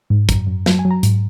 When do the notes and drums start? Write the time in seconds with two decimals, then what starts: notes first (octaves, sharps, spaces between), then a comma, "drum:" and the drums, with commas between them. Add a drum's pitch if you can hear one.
0.10 G#2
0.29 F#2 A#5, drum: kick, hi-hat
0.47 F#2
0.66 F#3 A5, drum: snare
0.79 G#5
0.85 F#3
0.91 A#5
1.03 G#2, drum: hi-hat